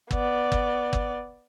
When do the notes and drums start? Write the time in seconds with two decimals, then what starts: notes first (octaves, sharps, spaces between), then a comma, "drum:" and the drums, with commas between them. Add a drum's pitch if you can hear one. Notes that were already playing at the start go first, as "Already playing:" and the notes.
0.11 B3 D5, drum: kick G1
0.52 drum: kick G1
0.93 drum: kick G1